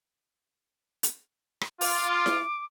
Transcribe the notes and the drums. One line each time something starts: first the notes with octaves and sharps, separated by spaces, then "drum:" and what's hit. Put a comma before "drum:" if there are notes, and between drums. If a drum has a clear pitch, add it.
drum: hi-hat
drum: rim click
F4 D6, drum: open hi-hat
drum: snare E4